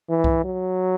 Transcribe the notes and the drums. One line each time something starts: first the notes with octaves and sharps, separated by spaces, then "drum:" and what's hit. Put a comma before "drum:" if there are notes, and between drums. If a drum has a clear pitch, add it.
E3
drum: kick C2
F#3